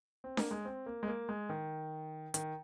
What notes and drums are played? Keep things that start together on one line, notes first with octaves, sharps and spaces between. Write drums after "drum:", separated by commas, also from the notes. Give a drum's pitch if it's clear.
C4
A#3, drum: snare D4
G#3
C4
A#3
G#3
A#3
G#3
D#3
D#3, drum: hi-hat